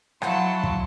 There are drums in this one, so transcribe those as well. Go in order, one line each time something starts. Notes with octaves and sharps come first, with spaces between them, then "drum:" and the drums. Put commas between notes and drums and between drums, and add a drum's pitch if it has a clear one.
F#3 E4 F5 F#5 A5 C6, drum: rim click
drum: kick